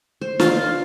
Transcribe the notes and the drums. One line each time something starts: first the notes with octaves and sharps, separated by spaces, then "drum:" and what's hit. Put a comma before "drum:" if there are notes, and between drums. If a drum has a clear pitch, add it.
C5
F4, drum: snare